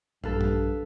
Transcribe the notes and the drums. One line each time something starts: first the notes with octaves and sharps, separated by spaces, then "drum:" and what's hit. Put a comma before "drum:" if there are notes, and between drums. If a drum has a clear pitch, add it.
A#1 G2 A4 B4 F5, drum: tom
drum: tom